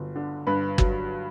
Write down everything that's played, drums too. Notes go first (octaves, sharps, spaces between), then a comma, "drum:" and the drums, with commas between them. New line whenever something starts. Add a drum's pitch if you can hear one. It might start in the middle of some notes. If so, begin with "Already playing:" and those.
Already playing: G1 F#3
D3
G2 B4
F#3, drum: kick